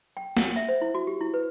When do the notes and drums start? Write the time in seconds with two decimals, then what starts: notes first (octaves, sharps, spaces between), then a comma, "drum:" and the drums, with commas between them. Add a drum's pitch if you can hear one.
0.17 G5
0.37 F#5, drum: snare
0.56 E5
0.69 C5
0.81 E4
0.94 F#4
1.07 G4
1.21 E4
1.34 B4